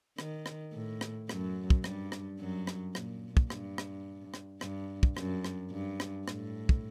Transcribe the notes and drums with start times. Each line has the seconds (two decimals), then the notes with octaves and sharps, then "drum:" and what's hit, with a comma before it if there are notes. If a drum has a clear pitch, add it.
0.18 D#3, drum: rim click
0.46 drum: rim click
0.73 A2
1.01 drum: rim click
1.29 F#2 F#3, drum: rim click
1.70 drum: kick
1.84 G2 G3, drum: rim click
2.12 drum: rim click
2.39 F#2 F#3
2.67 drum: rim click
2.95 A#2, drum: rim click
3.37 drum: kick
3.50 G2, drum: rim click
3.78 drum: rim click
4.34 drum: rim click
4.61 G2, drum: rim click
5.03 drum: kick
5.17 F#2, drum: rim click
5.44 drum: rim click
5.72 G2
6.00 drum: rim click
6.28 A2, drum: rim click
6.69 drum: kick